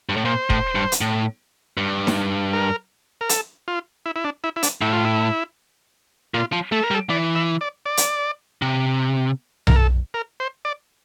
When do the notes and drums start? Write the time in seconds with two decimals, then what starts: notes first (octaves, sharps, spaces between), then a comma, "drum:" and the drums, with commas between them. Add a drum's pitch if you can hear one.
0.09 G2
0.17 A2
0.25 A#2 C5
0.50 A2, drum: kick
0.75 G2
0.92 drum: hi-hat
1.01 A2
1.77 G2
2.07 drum: snare D#4
2.53 A#4
3.21 A#4
3.29 A4, drum: hi-hat
3.68 F4
4.06 E4
4.16 E4
4.24 D4
4.44 E4
4.56 E4
4.63 D4, drum: hi-hat
4.81 A2 E4
4.93 F4
5.05 E4
6.34 A#2 F4
6.53 F3
6.72 A3 A4
6.83 A#4
6.91 G3
6.95 A4
7.10 E3 D5
7.35 E5
7.61 D5
7.86 D5
7.97 drum: hi-hat
8.62 C3
9.67 A#4, drum: tom B1
9.76 A4
10.14 A#4
10.40 C5
10.65 D5